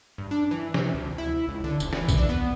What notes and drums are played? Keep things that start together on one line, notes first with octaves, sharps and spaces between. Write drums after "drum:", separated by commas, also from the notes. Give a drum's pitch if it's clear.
G2
D4
E3
C3, drum: snare
D2
E4
C#2
D3
E1, drum: tambourine
E3, drum: snare
drum: kick A#1, tambourine
D4
B3